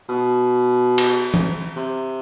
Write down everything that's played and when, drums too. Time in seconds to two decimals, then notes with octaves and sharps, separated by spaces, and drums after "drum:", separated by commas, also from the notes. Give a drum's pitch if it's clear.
0.09 B2
0.98 drum: cymbal
1.34 drum: tom E3
1.76 C3